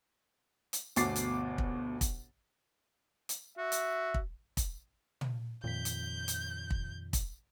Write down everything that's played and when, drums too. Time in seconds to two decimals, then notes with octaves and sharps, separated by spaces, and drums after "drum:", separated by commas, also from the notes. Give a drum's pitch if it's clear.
0.73 drum: hi-hat
0.96 G1 D2 B2 D6 A6 C7, drum: hi-hat
1.16 drum: hi-hat
1.58 drum: kick
2.01 drum: kick, hi-hat
3.29 drum: hi-hat
3.58 F#4 E5
3.72 drum: hi-hat
4.14 drum: kick
4.57 drum: kick, hi-hat
5.21 drum: tom
5.64 F2 A#2 D#3 G6 B6
5.85 drum: hi-hat
6.28 drum: hi-hat
6.70 drum: kick
7.13 drum: kick, hi-hat